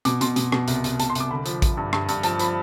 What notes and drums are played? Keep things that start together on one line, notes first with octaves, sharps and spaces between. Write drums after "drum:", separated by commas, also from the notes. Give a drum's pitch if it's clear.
B2 D6, drum: hi-hat
B2 C6, drum: hi-hat
B2, drum: hi-hat
B2, drum: rim click
C2, drum: hi-hat
C2, drum: hi-hat
B2 A5, drum: hi-hat
C6
C2 D6, drum: hi-hat
D3 B5
F3, drum: hi-hat
F3, drum: kick A1, hi-hat
G2
G2, drum: rim click
G2, drum: hi-hat
F3 A5, drum: hi-hat
F3 B5, drum: hi-hat